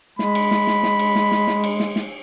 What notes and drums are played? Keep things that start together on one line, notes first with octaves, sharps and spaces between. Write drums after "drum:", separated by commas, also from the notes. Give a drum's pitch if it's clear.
G#3 B5, drum: snare
drum: cymbal
drum: snare
drum: snare
drum: snare
drum: cymbal
drum: snare
drum: snare
drum: snare
drum: cymbal
drum: snare
drum: snare